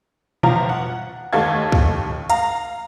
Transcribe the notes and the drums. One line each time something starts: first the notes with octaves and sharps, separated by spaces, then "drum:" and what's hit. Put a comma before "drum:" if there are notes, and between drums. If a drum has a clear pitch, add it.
G1 F3 F5 A#5, drum: tom A#2
F#5
D#2 A3 D#4 A4 F5 G#6
drum: kick
F5 A#5, drum: hi-hat